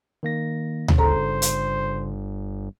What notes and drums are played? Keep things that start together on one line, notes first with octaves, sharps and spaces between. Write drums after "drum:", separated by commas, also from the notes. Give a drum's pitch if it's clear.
D#3 A#3 A#6
drum: tom D2
G1 C#3 A4 C5 A#5
drum: hi-hat